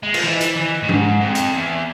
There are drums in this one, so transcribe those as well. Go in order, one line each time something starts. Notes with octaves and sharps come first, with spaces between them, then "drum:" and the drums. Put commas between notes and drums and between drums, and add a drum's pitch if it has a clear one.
G#3
F3, drum: cymbal
E3
E3, drum: hi-hat
E3
A2
G#2, drum: tom F3
F2
drum: hi-hat
E2